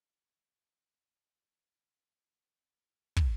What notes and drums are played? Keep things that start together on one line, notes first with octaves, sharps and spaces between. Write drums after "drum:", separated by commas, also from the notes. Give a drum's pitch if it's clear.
D3
F#3
F3
D3
C#3
D3
B3
C#4
D4
C#4
B3
A3
F#3
drum: kick